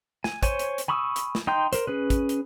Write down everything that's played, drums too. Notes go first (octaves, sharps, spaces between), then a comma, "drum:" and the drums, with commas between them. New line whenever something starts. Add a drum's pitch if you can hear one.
G#5, drum: snare
C5 C#5 G#5, drum: kick, hi-hat
drum: hi-hat
drum: hi-hat
G#5 B5 C#6 D#6 E6
drum: hi-hat
drum: snare
D#4 G5 C6 G6
A#4 C5, drum: hi-hat
C#4 G#4 B4
drum: kick, hi-hat
drum: hi-hat